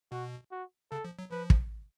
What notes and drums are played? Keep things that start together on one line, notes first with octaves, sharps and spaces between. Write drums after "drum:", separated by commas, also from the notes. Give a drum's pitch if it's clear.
B2 F#4
F#4
C#3 A4
F3
F#3
F3 B4
drum: kick